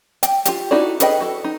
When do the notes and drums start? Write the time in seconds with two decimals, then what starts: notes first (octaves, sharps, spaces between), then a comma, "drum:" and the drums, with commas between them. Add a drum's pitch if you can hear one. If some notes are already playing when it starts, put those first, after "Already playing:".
0.23 G5, drum: hi-hat
0.45 F4 G4, drum: hi-hat
0.71 D#4 E4 F#4 A4 D5
1.00 G#4 A4 B4 D#5 G5, drum: hi-hat
1.21 F#4 A4
1.44 D#4